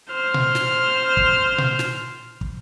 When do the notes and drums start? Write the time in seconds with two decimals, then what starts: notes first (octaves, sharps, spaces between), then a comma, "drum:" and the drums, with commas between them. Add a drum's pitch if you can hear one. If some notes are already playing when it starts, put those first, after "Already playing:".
0.14 C5 F6
0.34 drum: tom A#2
0.55 drum: snare
1.17 drum: kick
1.58 drum: tom A#2
1.79 drum: snare
2.41 drum: kick